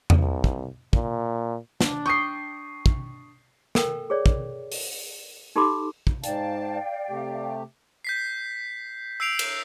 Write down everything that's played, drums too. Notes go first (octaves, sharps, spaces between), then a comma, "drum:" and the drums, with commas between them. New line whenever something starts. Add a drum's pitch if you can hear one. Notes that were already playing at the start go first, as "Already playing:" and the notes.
drum: tom E2
C2
drum: kick
A#2, drum: kick
D4, drum: snare
G5 C#6 D#6 C7
drum: kick
A4 A#4 G5, drum: snare
G#4 C#5 D5
drum: kick
drum: open hi-hat
D#4 G4 A4 B5 C6 D6
drum: kick
G#2 D5 F5 G5 A5, drum: hi-hat
C3 A3 G4
G6 B6 C7
E6 G6 C7 D7 F7
drum: cymbal